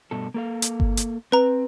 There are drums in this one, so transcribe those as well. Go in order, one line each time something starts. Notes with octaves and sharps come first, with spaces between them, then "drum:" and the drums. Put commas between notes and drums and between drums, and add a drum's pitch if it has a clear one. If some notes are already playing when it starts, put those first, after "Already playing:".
G2 B2 A4
A#3 A4 F5
drum: hi-hat
drum: kick G1
drum: hi-hat
C4 B4 A#5